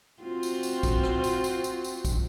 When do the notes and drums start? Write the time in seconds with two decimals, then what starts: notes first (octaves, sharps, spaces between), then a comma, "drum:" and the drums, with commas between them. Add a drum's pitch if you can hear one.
0.23 C4 F4 F#4
0.43 drum: tambourine
0.63 drum: tambourine
0.83 drum: kick, tambourine
1.04 drum: rim click
1.24 drum: tambourine
1.44 drum: tambourine
1.64 drum: tambourine
1.84 drum: tambourine
2.05 drum: kick, tambourine